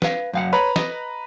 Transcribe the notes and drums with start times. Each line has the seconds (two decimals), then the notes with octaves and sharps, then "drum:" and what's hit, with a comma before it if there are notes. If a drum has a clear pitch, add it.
0.02 B4 F5, drum: snare
0.33 F#2 F5 F#5
0.53 B4 C#5 A#5 B5
0.76 D#5, drum: snare